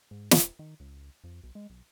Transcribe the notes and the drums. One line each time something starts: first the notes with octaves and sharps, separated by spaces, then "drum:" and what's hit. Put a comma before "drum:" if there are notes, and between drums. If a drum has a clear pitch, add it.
G#2
E1, drum: snare
D#3
C#2
F2
B1
G#3
B1